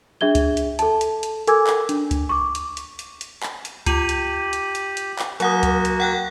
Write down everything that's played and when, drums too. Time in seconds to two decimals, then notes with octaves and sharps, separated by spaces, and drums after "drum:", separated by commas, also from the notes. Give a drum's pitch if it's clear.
0.21 D4 G#4 E5 G#6 G7
0.35 drum: kick C#2, hi-hat
0.57 drum: hi-hat
0.79 A4 A5, drum: hi-hat
1.01 drum: hi-hat
1.23 drum: hi-hat
1.47 A4 A#4 G#5 D6 E6 G#6, drum: hi-hat
1.67 drum: clap
1.89 D4, drum: hi-hat
2.11 drum: kick C#2, hi-hat
2.29 C#6 D6
2.55 drum: hi-hat
2.77 drum: hi-hat
2.99 drum: hi-hat
3.21 drum: hi-hat
3.43 drum: clap
3.65 drum: hi-hat
3.86 F4 G4 D#7 F#7, drum: kick C#2, hi-hat
4.09 drum: hi-hat
4.53 drum: hi-hat
4.75 drum: hi-hat
4.97 drum: hi-hat
5.19 drum: clap
5.40 F#3 A#3 F#4 F#5 D#6, drum: hi-hat
5.63 drum: kick C#2, hi-hat
5.85 drum: hi-hat
6.00 F#5 G5 F#6